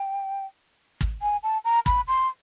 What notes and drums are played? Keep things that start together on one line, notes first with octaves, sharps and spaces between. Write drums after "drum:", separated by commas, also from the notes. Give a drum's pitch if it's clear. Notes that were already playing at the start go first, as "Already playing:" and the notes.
Already playing: G5
drum: kick
G#5
A5
A#5
B5, drum: kick
C6